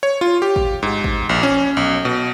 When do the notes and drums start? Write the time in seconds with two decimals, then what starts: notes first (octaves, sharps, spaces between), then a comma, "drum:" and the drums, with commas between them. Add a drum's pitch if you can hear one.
0.03 C#5
0.21 F4
0.42 G4
0.56 drum: kick G#1
0.83 G#2
1.04 drum: kick G#1
1.29 A#1
1.43 C#4
1.77 B1
2.05 B2